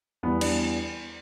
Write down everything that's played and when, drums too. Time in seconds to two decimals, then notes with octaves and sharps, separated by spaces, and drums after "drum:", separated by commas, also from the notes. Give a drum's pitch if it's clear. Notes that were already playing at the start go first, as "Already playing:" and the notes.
0.23 E2 E3 G3 B3
0.41 D4, drum: cymbal